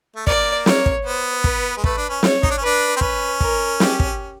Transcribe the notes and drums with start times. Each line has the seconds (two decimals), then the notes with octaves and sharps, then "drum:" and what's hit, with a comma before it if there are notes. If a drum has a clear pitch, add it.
0.16 A3
0.27 A#3 D5, drum: kick
0.66 C#5, drum: snare
0.86 drum: kick
1.05 B3 C5
1.44 B4, drum: kick
1.77 G#3
1.84 A3 B4, drum: kick
1.97 D4
2.09 C#4
2.23 C#5, drum: snare
2.43 D#4, drum: kick
2.51 D4
2.58 C#4
2.62 D4 B4
2.96 C4
3.01 C#4 B4, drum: kick
3.41 A#4, drum: kick
3.80 G4, drum: snare
4.00 drum: kick